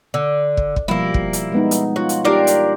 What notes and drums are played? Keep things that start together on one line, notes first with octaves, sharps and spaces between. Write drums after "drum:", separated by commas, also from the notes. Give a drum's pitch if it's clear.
D3
drum: kick
drum: kick
B2 F3 G3 A#3 E4
drum: kick
drum: hi-hat
G#3 B3 D#4
drum: hi-hat
F4 F#4 C#5
drum: hi-hat
D4 D#4 F4 G4 A#4 F5
drum: hi-hat